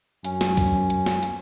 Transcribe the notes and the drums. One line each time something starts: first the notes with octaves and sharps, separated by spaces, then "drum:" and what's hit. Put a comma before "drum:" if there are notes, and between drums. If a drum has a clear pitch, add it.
F#2 C#4, drum: hi-hat
drum: snare
drum: kick, open hi-hat
drum: hi-hat
drum: snare
drum: hi-hat